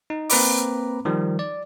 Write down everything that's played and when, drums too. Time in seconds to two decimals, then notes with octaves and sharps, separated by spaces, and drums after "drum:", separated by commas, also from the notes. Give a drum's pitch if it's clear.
0.10 D#4
0.30 A#3 C4 B4 A#5 B5 D6, drum: open hi-hat
1.05 D#3 F3 G3
1.39 D5